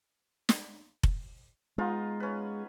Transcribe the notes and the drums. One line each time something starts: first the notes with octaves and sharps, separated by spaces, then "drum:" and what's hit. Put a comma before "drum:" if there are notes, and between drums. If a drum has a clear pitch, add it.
drum: snare
drum: kick F1
G#3 B3 D#4 F4
C#4 B4